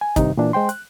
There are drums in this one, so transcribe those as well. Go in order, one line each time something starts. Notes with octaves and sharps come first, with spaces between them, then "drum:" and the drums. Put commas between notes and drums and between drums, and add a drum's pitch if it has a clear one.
G#5
G2 C3 D#3 D#4, drum: kick, hi-hat
A#2 E3 D4
G#3 C5 G5 C6
F#6, drum: hi-hat